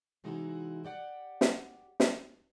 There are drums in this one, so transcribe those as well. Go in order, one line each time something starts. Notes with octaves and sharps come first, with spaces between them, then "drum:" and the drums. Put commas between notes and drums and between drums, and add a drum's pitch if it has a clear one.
C3 E3 G#3 D#4 E4 F#4
G4 D5 F#5
drum: snare
drum: snare